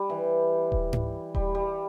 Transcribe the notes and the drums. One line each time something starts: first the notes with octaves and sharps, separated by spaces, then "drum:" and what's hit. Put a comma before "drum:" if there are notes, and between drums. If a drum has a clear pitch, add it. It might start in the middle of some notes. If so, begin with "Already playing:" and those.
Already playing: G3
E3
drum: kick D#1
drum: tom G#2
G3, drum: kick D#1
G3